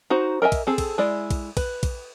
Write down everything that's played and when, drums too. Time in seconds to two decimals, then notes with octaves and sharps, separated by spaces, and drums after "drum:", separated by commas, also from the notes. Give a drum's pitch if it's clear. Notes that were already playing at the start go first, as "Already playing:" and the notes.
0.10 D#4 F#4 C5
0.42 A#4 D#5 E5 G#5
0.52 drum: kick, cymbal
0.67 C4 G#4 A4
0.78 drum: kick, cymbal
0.98 G#3 E4 D5
1.30 drum: kick, cymbal
1.57 B4, drum: kick, cymbal
1.83 drum: kick, cymbal